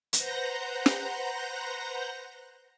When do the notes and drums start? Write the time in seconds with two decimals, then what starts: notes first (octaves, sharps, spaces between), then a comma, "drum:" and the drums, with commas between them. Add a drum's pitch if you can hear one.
0.13 B4 C5 F#5 A#5 G6 A#6, drum: hi-hat
0.86 drum: snare